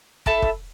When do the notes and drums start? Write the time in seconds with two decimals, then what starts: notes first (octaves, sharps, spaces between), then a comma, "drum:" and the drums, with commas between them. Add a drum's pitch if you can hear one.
0.26 E4 A4 E5 A5, drum: kick
0.42 drum: kick